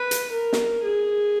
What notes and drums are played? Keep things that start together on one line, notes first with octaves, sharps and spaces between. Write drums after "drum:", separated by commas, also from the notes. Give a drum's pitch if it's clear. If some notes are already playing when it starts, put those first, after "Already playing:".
Already playing: B4
drum: hi-hat
A#4
drum: snare
G#4